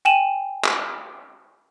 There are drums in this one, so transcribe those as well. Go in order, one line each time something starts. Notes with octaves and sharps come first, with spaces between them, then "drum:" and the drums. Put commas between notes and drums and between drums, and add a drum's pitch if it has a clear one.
G5 G#5 D#7 E7 F#7
drum: clap